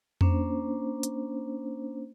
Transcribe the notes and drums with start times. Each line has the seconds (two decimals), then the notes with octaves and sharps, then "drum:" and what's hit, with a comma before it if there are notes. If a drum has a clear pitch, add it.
0.21 A#3 C#4 D4 C5, drum: tom F2
1.03 drum: hi-hat